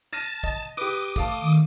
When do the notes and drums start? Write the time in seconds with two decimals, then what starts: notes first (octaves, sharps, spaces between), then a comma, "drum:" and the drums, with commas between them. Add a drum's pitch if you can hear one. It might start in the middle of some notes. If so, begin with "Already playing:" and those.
0.13 A5 F6 A#6 D#7
0.43 D#5, drum: kick
0.77 G4 B4 D6 D#6
1.16 A3 F5 A5, drum: kick
1.42 D#3